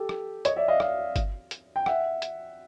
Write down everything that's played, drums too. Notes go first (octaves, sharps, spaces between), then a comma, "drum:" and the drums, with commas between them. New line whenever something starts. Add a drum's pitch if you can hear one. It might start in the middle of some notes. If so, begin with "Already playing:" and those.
Already playing: G4 A4
drum: rim click
C#5 D#5, drum: hi-hat
D5 E5
D#5 F5
D#5 F5, drum: rim click
drum: kick G1, hi-hat
drum: hi-hat
G5
E5 F#5, drum: rim click
drum: hi-hat